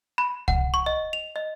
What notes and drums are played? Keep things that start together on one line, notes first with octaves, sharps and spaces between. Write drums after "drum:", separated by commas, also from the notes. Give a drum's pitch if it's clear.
B5
F#5, drum: kick C2
C#6
D#5
F7
D#5